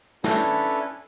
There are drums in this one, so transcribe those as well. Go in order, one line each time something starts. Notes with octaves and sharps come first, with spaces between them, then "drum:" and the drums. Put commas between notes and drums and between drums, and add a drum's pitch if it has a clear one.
C#4 D4 E4 A4 B4 C#5, drum: snare